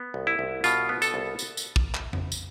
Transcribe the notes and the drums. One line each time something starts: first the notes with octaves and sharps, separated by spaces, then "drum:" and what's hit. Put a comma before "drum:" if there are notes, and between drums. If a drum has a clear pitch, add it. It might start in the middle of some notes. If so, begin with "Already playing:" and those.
Already playing: B3
C2
E4
C2
B2 F4, drum: tambourine
B3
A4, drum: tambourine
C2
drum: tambourine
drum: tambourine
drum: kick
drum: clap
drum: tom F2
drum: tambourine